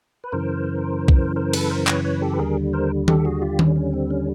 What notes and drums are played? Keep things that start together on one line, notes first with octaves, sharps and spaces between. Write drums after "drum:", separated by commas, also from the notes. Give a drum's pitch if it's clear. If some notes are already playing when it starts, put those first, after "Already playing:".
B4
F#2 C#3 E3 A#4 C5
drum: kick B1
A#4 C5
A4 B4, drum: cymbal
A#4 C5
B4 C#5, drum: clap
B4 C#5
G4 A4
B4
D#2 D3 G3 G#4 A#4
A#4 C5
G4 A4, drum: tom D#3
F#4 G#4
F4 G4
C#4, drum: tom D#3
C#4
C4
C#4